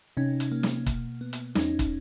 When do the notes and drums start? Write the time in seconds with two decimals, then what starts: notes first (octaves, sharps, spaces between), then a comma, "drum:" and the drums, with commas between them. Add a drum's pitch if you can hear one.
0.17 C3 C#4 D#4
0.40 drum: hi-hat
0.52 A#3
0.63 drum: snare
0.86 B2, drum: kick, hi-hat
1.21 B3
1.33 drum: hi-hat
1.55 E2 C#4 D#4, drum: snare
1.79 drum: kick, hi-hat